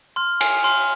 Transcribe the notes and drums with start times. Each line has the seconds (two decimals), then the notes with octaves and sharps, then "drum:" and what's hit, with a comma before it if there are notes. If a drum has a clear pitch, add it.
0.16 C6 F6
0.41 G#5, drum: cymbal
0.64 C6 F6